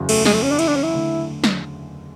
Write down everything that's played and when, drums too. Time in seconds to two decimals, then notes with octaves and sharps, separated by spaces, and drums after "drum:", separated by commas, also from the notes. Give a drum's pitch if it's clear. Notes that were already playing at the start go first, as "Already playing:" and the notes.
Already playing: F#1 E2 C#3 F#3
0.09 A3, drum: cymbal
0.25 G#3, drum: snare
0.34 A3
0.43 C#4
0.51 D4
0.59 E4, drum: cymbal
0.67 D4
0.76 C#4
0.83 E4
0.93 D3 A3
1.44 drum: snare